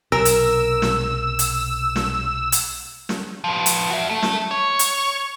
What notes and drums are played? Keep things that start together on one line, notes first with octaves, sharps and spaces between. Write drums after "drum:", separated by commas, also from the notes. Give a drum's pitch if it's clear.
B1 C3 A#4 E6
drum: hi-hat
drum: snare
drum: hi-hat
drum: snare
drum: hi-hat
drum: snare
F3 B4
drum: hi-hat
F#4 E5
A4 E5
drum: snare
C#5
drum: hi-hat